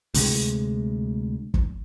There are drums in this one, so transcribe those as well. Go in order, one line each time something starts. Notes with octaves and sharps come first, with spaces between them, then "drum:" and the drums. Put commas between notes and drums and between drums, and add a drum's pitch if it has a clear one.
D2 C3 G#3, drum: open hi-hat
drum: kick